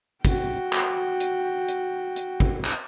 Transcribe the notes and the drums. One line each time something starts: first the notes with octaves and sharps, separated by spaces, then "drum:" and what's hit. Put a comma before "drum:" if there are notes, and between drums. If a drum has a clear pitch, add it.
F#4 G5, drum: kick G#1, hi-hat
drum: clap
drum: hi-hat
drum: hi-hat
drum: hi-hat
drum: kick G#1
drum: clap